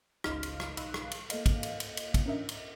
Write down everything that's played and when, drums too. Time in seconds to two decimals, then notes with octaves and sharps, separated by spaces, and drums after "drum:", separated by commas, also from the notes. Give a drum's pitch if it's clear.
0.24 G1 C#2 C#3 D#4 F5 F6, drum: rim click
0.43 drum: cymbal
0.60 drum: rim click
0.77 B1 D#4 F5 B5 E6 F#6, drum: cymbal
0.94 drum: rim click
1.11 drum: cymbal
1.30 A#3 A4 D#5 F5, drum: cymbal
1.46 drum: kick, cymbal
1.63 drum: cymbal
1.80 drum: cymbal
1.97 drum: cymbal
2.14 drum: kick, cymbal
2.26 C#4 D4 A#4 D#5 E5
2.49 drum: cymbal